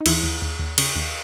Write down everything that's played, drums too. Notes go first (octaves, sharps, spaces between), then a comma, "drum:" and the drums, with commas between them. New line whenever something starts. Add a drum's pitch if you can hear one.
D#4
D#2 E3 E4, drum: cymbal
D#2
D#2
D#2
C#3, drum: cymbal
D#2